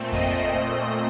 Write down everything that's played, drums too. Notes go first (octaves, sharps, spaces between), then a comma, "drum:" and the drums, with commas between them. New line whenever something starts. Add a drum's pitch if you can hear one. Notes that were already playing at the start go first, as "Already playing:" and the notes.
Already playing: A#2 A3 C4
D#5, drum: kick F2, open hi-hat
drum: hi-hat
drum: hi-hat